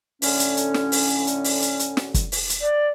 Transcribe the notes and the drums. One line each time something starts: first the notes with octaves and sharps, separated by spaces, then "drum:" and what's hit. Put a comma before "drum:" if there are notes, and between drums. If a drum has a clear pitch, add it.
A2 D3 C#4, drum: open hi-hat
drum: hi-hat
drum: hi-hat
drum: snare
drum: open hi-hat
drum: hi-hat
drum: open hi-hat
drum: hi-hat
drum: hi-hat
drum: snare
drum: kick, hi-hat
drum: open hi-hat
drum: hi-hat
D5